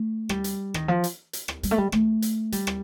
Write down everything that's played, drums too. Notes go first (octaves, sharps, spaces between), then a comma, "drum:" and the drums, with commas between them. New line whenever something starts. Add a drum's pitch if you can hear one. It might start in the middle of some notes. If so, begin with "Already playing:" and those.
Already playing: A3
G3, drum: rim click
drum: hi-hat
D#3, drum: rim click
F3
drum: hi-hat
drum: hi-hat
drum: rim click
G3, drum: hi-hat
A3
G3
A3, drum: rim click
drum: hi-hat
G3, drum: hi-hat
drum: rim click